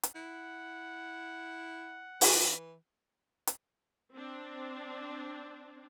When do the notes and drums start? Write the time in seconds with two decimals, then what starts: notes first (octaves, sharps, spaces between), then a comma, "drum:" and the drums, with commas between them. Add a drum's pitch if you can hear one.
0.03 drum: hi-hat
0.15 E4 F#5
2.21 E3, drum: open hi-hat
3.47 drum: hi-hat
4.13 C4 D4